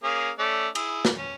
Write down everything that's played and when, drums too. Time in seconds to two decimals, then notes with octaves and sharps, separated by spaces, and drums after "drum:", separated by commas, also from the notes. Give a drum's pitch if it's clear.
0.03 A#3 C#4 G#4
0.39 A3 C#4 D5
0.75 E4 G#4, drum: cymbal
1.05 drum: snare
1.17 C#4